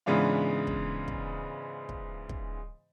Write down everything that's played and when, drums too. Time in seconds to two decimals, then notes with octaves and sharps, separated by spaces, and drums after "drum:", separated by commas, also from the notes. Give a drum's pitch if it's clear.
0.06 G#2 C#3 E3 B3 D4 F4
0.67 drum: kick
1.08 drum: kick
1.89 drum: kick
2.29 drum: kick